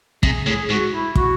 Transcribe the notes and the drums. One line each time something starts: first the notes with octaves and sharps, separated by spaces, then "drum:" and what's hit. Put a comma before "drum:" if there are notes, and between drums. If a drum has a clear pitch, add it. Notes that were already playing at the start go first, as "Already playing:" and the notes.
C3 G#4, drum: kick
A2 G#4
G#2 F#4
E4
F#4, drum: kick